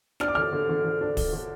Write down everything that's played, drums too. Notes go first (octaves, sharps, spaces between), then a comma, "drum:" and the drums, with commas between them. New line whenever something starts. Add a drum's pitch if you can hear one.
D4 F6, drum: snare
D6
D3 F6
D3
D3
D3
D4
D3, drum: kick, open hi-hat
D3